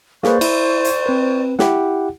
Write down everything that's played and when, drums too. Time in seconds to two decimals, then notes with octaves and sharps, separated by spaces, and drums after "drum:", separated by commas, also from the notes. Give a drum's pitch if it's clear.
0.23 A#3 G#4 B4 C5 D5 C#6, drum: snare
0.41 E4, drum: cymbal
0.85 drum: hi-hat
1.06 C4 B4
1.59 E4 G4 F#5, drum: snare